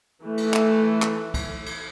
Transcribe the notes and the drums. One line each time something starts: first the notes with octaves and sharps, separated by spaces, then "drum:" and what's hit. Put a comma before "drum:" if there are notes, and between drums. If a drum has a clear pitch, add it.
E3 A3
drum: cymbal
drum: clap
drum: clap
drum: kick, cymbal
drum: cymbal